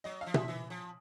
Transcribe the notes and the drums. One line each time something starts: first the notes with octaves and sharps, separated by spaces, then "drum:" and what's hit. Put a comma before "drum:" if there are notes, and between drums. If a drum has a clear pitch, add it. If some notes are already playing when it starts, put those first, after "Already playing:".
F#3 D#5
F5
F3
E5, drum: tom B2
E3
F3